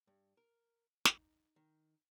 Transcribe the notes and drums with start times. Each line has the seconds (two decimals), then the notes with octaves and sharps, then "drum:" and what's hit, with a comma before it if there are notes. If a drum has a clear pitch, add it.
0.07 G2
0.37 A#4
1.05 D#4, drum: snare
1.56 D#3